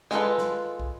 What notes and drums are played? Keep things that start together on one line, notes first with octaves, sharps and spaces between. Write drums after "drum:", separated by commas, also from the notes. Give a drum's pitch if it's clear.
G#3 F4 A4 B4, drum: snare
drum: snare
drum: kick